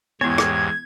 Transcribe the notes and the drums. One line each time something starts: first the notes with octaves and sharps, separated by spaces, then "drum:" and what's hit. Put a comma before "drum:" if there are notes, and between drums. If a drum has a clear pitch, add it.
E2 G#2 B3 E4 G4 C#5 G#6
drum: rim click